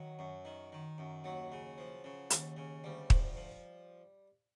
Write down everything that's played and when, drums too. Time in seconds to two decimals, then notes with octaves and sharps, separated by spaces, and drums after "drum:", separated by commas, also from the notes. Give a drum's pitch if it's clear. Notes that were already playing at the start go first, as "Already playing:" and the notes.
Already playing: D#3 F#3
0.19 F#2
0.45 D#3
0.72 D#3
0.98 F#2
1.24 D#2 F#3
1.52 C#3
1.78 F3
2.04 C#3
2.30 D#2, drum: hi-hat
2.57 C#3
2.84 D2 G3
3.10 F3, drum: kick
3.36 F3